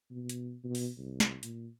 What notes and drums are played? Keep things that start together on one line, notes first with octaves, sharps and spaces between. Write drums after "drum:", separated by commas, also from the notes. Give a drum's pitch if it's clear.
B2
drum: hi-hat
B2
drum: open hi-hat
C2
drum: snare
A#2, drum: hi-hat